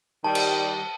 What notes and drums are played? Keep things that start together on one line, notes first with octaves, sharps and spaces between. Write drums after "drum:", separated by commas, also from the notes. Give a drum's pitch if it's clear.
D#3 G3 A5
drum: cymbal